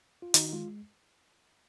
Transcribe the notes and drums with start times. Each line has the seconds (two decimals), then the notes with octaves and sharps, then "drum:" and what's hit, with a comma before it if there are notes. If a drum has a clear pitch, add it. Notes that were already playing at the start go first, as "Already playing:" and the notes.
0.22 F4
0.34 D#3 D#4 F#4, drum: hi-hat
0.49 D#4
0.53 G#3 F4